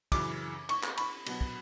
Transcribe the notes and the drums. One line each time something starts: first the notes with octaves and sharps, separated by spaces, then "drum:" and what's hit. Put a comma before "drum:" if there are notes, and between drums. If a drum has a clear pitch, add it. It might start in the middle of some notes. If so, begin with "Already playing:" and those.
F#2 C#3 E3 D6, drum: kick, cymbal
C#6, drum: cymbal
drum: clap
B5, drum: cymbal
B2 F#3 B3, drum: cymbal
drum: kick